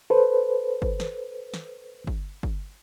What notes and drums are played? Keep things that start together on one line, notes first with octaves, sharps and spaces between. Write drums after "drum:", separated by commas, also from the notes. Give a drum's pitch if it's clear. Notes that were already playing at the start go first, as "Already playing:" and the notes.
A4 B4 C5
drum: kick
drum: snare
drum: snare
drum: kick
drum: kick